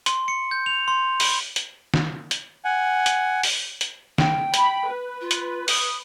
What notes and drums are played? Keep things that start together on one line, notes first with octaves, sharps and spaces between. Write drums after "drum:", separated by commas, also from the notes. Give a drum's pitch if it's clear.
C6, drum: hi-hat
C#7
G6
F7
C6
B5, drum: open hi-hat
drum: hi-hat
drum: snare
drum: hi-hat
F#5 G#5
drum: hi-hat
drum: open hi-hat
drum: hi-hat
G5, drum: snare
B5, drum: hi-hat
B4
F4
drum: hi-hat
D#6, drum: open hi-hat